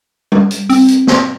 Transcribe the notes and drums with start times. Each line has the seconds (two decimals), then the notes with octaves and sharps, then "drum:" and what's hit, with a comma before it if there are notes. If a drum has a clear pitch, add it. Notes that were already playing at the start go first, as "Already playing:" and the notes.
0.32 drum: tom G3
0.51 drum: hi-hat
0.70 C4, drum: open hi-hat
0.88 drum: hi-hat
1.07 drum: snare